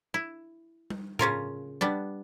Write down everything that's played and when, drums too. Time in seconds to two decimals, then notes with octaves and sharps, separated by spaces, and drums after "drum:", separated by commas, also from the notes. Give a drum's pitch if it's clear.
0.14 E4
0.90 drum: tom G3
1.19 C#3 C#4 F4 A#4, drum: tom A2
1.81 G3 B3 D4